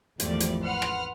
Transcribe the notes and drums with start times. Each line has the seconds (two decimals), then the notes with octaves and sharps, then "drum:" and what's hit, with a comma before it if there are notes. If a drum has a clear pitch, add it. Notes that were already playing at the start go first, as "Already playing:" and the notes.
0.20 G#1 E2 F3 G3 A3 D5, drum: hi-hat
0.40 drum: hi-hat
0.63 B4 F#5 C6 F6
0.82 drum: rim click